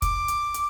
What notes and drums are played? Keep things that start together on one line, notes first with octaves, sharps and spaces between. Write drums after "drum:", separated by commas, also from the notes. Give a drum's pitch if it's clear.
D6, drum: kick, hi-hat
drum: hi-hat
drum: hi-hat